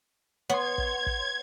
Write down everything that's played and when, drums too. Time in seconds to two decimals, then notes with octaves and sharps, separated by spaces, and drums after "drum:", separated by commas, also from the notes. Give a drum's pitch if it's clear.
0.50 B3 C#5 C6 G#6
0.78 drum: kick
1.06 drum: kick